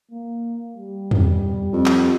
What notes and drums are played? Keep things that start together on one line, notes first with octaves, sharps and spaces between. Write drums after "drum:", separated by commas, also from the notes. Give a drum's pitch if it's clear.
A#3
G3
drum: tom E2
F2
drum: clap